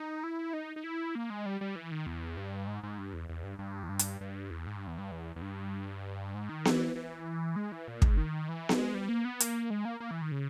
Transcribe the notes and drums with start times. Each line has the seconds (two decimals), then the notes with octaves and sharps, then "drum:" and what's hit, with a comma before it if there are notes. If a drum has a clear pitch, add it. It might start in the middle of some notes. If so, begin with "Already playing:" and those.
Already playing: D#4
0.24 E4
0.53 D#4
0.76 D#4
0.84 E4
1.15 A#3
1.30 G#3
1.46 G3
1.61 G3
1.76 E3
1.91 D#3
2.06 E2
2.37 G2
2.67 G#2
2.83 G#2
2.98 G2
3.13 E2
3.29 E2
3.43 G2
3.59 G2
3.83 E2
3.89 G2
3.99 drum: hi-hat
4.21 G2
4.51 E2
4.67 G#2
4.77 G2
4.87 E2
4.98 G2
5.11 E2
5.36 E2
5.42 G2
6.34 G#2
6.49 D#3
6.65 E3, drum: snare B3
6.96 E3
7.56 G#3
7.72 E3
7.88 A#2
8.02 G#2, drum: kick
8.17 D#3
8.49 E3
8.69 drum: snare B3
8.79 G#3
8.95 G3
9.09 A#3
9.25 B3
9.40 A#3, drum: hi-hat
9.70 G#3
9.85 A#3
10.00 A#3
10.11 E3
10.22 D#3
10.32 C#3